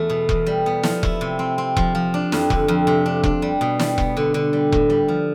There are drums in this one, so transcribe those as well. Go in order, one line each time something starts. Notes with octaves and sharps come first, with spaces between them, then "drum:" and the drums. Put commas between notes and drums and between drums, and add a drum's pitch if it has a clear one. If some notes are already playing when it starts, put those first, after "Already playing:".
Already playing: E2 A3
B2
E2, drum: kick E1
G3
B3
F3, drum: snare
E4, drum: kick E1
C3
C4
C4
F3, drum: kick E1
F3
D4
F2, drum: snare
D3, drum: kick E1
F2
C3
D4
D4, drum: kick E1
G3
B2
G3, drum: snare
B3, drum: kick E1
D3
D3
G3
A2, drum: kick E1
G3
F3